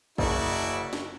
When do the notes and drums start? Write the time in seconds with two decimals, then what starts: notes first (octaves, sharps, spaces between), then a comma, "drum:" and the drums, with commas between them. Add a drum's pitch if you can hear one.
0.18 F#1 E4 F#4 D5, drum: kick
0.93 drum: snare